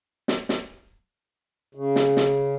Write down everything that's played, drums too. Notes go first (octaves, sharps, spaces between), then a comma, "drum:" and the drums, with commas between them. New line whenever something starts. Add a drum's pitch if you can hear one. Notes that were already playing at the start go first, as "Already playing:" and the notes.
drum: snare
drum: snare
C#3
drum: snare
drum: snare